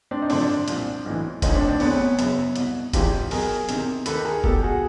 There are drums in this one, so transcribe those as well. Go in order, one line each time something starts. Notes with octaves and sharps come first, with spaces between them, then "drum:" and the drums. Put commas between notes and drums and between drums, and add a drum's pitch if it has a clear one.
C4 D4
D#4
G#1 F#2 D3 F3 C4 D4, drum: open hi-hat
C2 A#2 F3, drum: hi-hat
B1 A2 E3
D2 D3 F3 C#4 D#4, drum: kick F1, hi-hat
C4 D4
C4 D4
F1 E2 C3 B3 C#4, drum: open hi-hat
F#1 F#2 C#3, drum: hi-hat
C2 B2, drum: hi-hat
G#1 G#2 E3 F4 G4, drum: kick F1, hi-hat
B1 B2 G#4 A#4, drum: open hi-hat
E2 C3 D#3, drum: hi-hat
D#2 D#3 A4 B4, drum: hi-hat
G#4 A#4
E2 B2 G4 A4, drum: kick F1
F#4 G#4